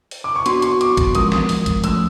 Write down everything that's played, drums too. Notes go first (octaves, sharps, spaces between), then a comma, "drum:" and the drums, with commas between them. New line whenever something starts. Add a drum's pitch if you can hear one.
drum: open hi-hat
D6
C#6
B3 D4 F#4 C6, drum: hi-hat
C#6, drum: hi-hat
D6, drum: hi-hat
drum: kick, hi-hat
F3 G#3 C#4 F4 A#4 D#6, drum: hi-hat
drum: snare
drum: open hi-hat
drum: kick, hi-hat
F3 A3 C#4 E6, drum: hi-hat